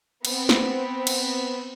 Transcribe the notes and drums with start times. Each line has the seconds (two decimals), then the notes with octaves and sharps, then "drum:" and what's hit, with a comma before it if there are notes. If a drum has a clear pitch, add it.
0.25 B3 C4, drum: cymbal
0.49 drum: snare
1.07 drum: cymbal